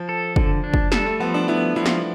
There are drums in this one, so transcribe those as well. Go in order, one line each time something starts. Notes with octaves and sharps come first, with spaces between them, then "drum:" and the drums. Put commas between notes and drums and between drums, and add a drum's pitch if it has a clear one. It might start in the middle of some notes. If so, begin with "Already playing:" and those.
Already playing: F3
A4
D3, drum: kick
D4
drum: kick
G3 A4, drum: snare
A3
F3 B3
D4
B3 E4
F3 E4
drum: snare